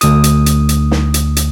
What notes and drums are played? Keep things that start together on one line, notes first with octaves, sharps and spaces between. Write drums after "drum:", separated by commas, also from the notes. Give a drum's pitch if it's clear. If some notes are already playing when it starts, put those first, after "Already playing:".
D2 D#6, drum: hi-hat
drum: hi-hat
drum: hi-hat
drum: hi-hat
drum: snare
drum: hi-hat
drum: hi-hat